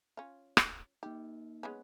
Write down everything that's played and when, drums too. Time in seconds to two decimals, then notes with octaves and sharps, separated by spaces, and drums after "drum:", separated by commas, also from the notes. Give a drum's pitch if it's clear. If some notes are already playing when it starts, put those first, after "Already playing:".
0.17 C#4 F4
0.57 drum: rim click
1.03 A#3 D#4 G4
1.63 G#3 B3 C#4